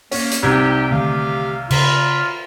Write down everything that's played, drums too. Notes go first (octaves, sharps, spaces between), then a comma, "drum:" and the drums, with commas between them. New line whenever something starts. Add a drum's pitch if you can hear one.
A#3 C#4, drum: open hi-hat
drum: hi-hat
C2 C3 D#4 G4 G#6
D3 D#3 A3 G4 F5
C#3 F4 A#5 B5, drum: cymbal